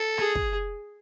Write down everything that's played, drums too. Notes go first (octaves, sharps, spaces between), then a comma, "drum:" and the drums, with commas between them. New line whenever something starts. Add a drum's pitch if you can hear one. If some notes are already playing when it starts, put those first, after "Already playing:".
Already playing: A4
G#4, drum: rim click
drum: kick